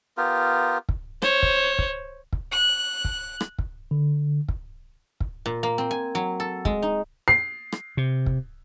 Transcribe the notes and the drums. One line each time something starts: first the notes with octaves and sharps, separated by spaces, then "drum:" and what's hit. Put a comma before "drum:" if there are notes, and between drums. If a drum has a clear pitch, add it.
B3 F4 G4 A#4
drum: kick
C5 C#5, drum: rim click
drum: kick
drum: kick
drum: kick
F#6
drum: kick
drum: rim click
drum: kick
D3
drum: kick
drum: kick
A#2
A#3
C4
G#5
F#3
A4
G#3, drum: kick
D#4
C7
drum: rim click
C3
drum: kick